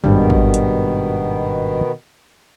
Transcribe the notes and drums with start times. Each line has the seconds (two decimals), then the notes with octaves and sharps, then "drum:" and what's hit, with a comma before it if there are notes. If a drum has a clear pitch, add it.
0.04 G#1 G2 B2 D#3 G3 B3, drum: tom
0.30 drum: kick
0.54 drum: hi-hat